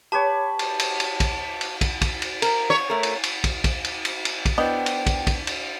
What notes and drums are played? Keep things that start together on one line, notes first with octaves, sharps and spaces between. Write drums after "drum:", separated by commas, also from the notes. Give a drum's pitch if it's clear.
G4 B4 C#5 A5
drum: cymbal
drum: cymbal
drum: cymbal
drum: kick, cymbal
drum: cymbal
drum: kick, cymbal
drum: kick, cymbal
drum: cymbal
A#4, drum: cymbal
C#5
A3 A#4
drum: cymbal
drum: cymbal
drum: kick, cymbal
drum: kick, cymbal
drum: cymbal
drum: cymbal
drum: cymbal
drum: kick, cymbal
B3 D4 E4 C5 D#5 G5
drum: cymbal
drum: kick, cymbal
drum: kick, cymbal
drum: cymbal